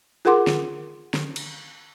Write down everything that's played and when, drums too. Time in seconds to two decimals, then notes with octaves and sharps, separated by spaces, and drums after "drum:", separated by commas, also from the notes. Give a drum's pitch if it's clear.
0.25 F4 G#4 A#4 F#5 C6 D6
0.47 drum: snare
1.14 drum: snare
1.36 drum: cymbal